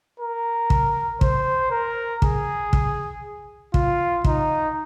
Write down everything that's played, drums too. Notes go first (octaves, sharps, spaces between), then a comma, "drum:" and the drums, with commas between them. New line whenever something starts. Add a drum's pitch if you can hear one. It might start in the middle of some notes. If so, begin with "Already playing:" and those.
A#4
drum: kick
C5, drum: kick
A#4
G#4, drum: kick
drum: kick
F4, drum: kick
D#4, drum: kick